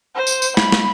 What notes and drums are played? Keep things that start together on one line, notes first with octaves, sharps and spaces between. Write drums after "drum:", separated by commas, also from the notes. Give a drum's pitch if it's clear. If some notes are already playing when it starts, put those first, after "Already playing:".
C5
drum: tambourine
drum: tambourine
B5, drum: snare
drum: snare